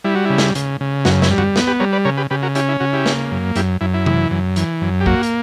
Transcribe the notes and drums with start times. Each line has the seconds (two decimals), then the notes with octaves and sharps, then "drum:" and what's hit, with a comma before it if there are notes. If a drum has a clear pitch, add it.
0.04 G3 E4
0.15 F#4
0.25 C#3 E4
0.38 drum: snare
0.55 C#3, drum: hi-hat
0.81 C#3
1.05 F#2 F#4, drum: snare
1.22 E4, drum: snare
1.31 G3
1.38 F#4, drum: tom F#2
1.56 B3, drum: snare
1.67 G4 B4
1.80 G3 A#4 C#5
1.93 B4 D5
2.05 C#3 A#4 C#5
2.17 G4 B4
2.30 C#3 G4 B4
2.43 F#4 A#4
2.55 C#4 E4 G4, drum: hi-hat
2.68 E4
2.80 C#3 F#4
2.93 E4 G4
3.06 A#3, drum: snare
3.31 F#2
3.55 F#2 E4 G4, drum: hi-hat
3.81 F#2 E4
3.94 E4
4.06 E3, drum: tom C3
4.31 F#2
4.56 E3, drum: hi-hat
4.81 F#2
5.00 G4
5.06 A#3 F#4, drum: kick
5.23 drum: hi-hat